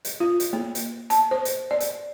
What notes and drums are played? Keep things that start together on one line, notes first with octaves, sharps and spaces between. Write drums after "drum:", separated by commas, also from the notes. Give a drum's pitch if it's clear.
drum: hi-hat
F4
drum: hi-hat
A#3
drum: hi-hat
A5, drum: hi-hat
C5
drum: hi-hat
D5
drum: hi-hat